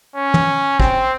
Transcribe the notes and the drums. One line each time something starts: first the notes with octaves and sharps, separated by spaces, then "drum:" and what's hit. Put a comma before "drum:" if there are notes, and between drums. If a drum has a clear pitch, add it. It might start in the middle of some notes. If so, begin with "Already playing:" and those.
C#4
drum: tom
C4, drum: kick